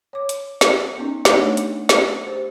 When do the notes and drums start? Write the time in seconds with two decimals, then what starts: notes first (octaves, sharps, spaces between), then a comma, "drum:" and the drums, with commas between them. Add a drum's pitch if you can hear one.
0.13 C#5 D6
0.29 drum: hi-hat
0.61 drum: snare
0.98 B3 C#4 D#4
1.25 drum: snare
1.36 A3 B3 D4 D#4 C#5
1.57 drum: hi-hat
1.89 drum: snare
2.27 G4 C5